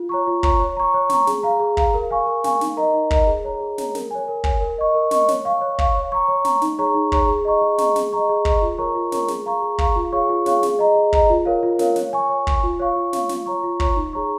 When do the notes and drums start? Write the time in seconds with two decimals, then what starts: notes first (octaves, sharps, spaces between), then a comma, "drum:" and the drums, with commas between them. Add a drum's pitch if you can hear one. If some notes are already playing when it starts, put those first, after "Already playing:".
Already playing: F4
0.09 C#5 A#5 C#6
0.27 F4
0.43 C#5 A#5 C#6, drum: kick
0.60 C#5
0.77 A#5 C#6
0.94 C#5
1.10 A#5 C#6, drum: snare
1.27 G#4, drum: snare
1.43 F5 A#5
1.60 G#4
1.77 F5 A#5, drum: kick
1.94 A#4
2.10 F5 G#5 C#6
2.26 A#4
2.44 F5 G#5 C#6, drum: snare
2.61 D#4, drum: snare
2.77 A#4 D#5 A#5
2.94 D#4
3.11 A#4 D#5 A#5, drum: kick
3.27 G#4
3.44 C#5 A#5
3.60 G#4
3.78 C#5 A#5, drum: snare
3.95 A#4, drum: snare
4.11 C#5 G#5
4.28 A#4
4.44 C#5 G#5, drum: kick
4.60 A#4
4.78 D#5 C#6
4.94 A#4
5.11 D#5 C#6, drum: snare
5.28 C#5, drum: snare
5.45 F5 C#6
5.61 C#5
5.79 F5 C#6, drum: kick
5.94 C#5
6.12 A#5 C#6
6.28 C#5
6.45 A#5 C#6, drum: snare
6.62 D#4, drum: snare
6.79 G#4 C#5 A#5 C#6
6.95 D#4
7.12 G#4 C#5 A#5 C#6, drum: kick
7.28 G#4
7.45 D#5 A#5 C#6
7.61 G#4
7.78 D#5 A#5 C#6, drum: snare
7.96 G#4, drum: snare
8.12 D#5 A#5 C#6
8.29 G#4
8.45 D#5 A#5 C#6, drum: kick
8.62 F4
8.78 A#4 C#5 A#5 C#6
8.95 F4
9.12 A#4 C#5 A#5 C#6, drum: snare
9.28 G#4, drum: snare
9.46 F5 A#5 C#6
9.62 G#4
9.78 F5 A#5 C#6, drum: kick
9.96 F4
10.12 G#4 C#5 F5 C#6
10.29 F4
10.46 G#4 C#5 F5 C#6, drum: snare
10.63 G#4, drum: snare
10.79 D#5 A#5
10.95 G#4
11.13 D#5 A#5, drum: kick
11.30 F4
11.45 A#4 C#5 F5
11.63 F4
11.79 A#4 C#5 F5, drum: snare
11.96 C#5, drum: snare
12.13 G#5 C#6
12.29 C#5
12.47 G#5 C#6, drum: kick
12.64 F4
12.80 C#5 F5 C#6
12.96 F4
13.13 C#5 F5 C#6, drum: snare
13.29 F4, drum: snare
13.46 C#5 A#5 C#6
13.63 F4
13.80 C#5 A#5 C#6, drum: kick
13.96 D#4
14.13 G#4 C#5 A#5 C#6